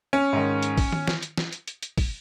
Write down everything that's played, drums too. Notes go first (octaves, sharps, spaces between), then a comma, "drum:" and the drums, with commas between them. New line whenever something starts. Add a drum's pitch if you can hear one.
C#4
G#2 D#3
drum: hi-hat
drum: kick, open hi-hat
drum: tom D#3
drum: snare
drum: hi-hat
drum: snare
drum: hi-hat
drum: hi-hat
drum: hi-hat
drum: kick, open hi-hat